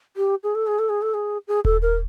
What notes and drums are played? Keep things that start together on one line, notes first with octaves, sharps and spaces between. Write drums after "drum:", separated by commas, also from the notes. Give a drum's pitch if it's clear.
G4
G#4
A4
G#4
A4
G#4
A4
G#4
G#4
A4, drum: kick D#1
A#4